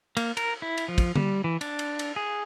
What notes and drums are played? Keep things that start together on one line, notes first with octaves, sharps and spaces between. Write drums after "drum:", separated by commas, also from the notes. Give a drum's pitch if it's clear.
A#3, drum: cymbal
A#4, drum: cymbal
E4
drum: cymbal
F3
drum: kick, cymbal
G3, drum: tom D3
E3
D4, drum: cymbal
drum: cymbal
drum: cymbal
G#4